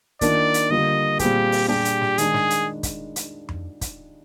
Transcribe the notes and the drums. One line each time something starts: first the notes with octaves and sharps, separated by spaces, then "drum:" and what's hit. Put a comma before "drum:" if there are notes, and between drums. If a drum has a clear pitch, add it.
D#3 A#3 D4 F4 A#4 D5, drum: kick, hi-hat
drum: hi-hat
D3 G3 A#3 F4 D#5
A#2 G3 C4 F4 G4 G#4, drum: kick, hi-hat
drum: open hi-hat
A#2 G3 D4 G4 G#4
drum: hi-hat
drum: snare
D#3 G#3 D4 G#4, drum: hi-hat
drum: snare
drum: hi-hat
drum: kick, hi-hat
drum: hi-hat
drum: tom F2
drum: kick, hi-hat